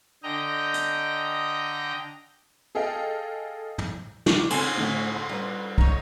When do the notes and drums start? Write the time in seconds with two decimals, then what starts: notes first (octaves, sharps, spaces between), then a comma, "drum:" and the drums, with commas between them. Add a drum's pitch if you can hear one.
0.23 D3 D#5 G5 A#5
0.74 drum: hi-hat
2.75 G#4 A4 D#5 F5 G5
3.78 drum: tom
4.26 F2 C#6 D6, drum: snare
4.50 C4 A4 C5 C#5 F#5 G#5, drum: cymbal
4.77 A2 D3
5.16 C6
5.29 G3 A3 D#4 B4
5.78 D#4 C#5, drum: kick C2